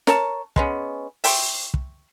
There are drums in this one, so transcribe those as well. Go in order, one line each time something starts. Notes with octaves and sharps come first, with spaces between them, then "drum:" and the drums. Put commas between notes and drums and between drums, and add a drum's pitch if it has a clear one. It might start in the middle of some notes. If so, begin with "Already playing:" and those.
A#4 C#5 A5, drum: snare
G#3 B3 C#4, drum: kick
E5 G5 C6 C#6, drum: open hi-hat
drum: kick